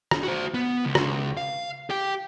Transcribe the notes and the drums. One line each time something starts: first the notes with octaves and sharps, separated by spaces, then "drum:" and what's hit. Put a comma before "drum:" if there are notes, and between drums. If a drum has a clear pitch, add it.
drum: rim click
F#4 C5
B3
C#2
drum: rim click
F5
G4 G5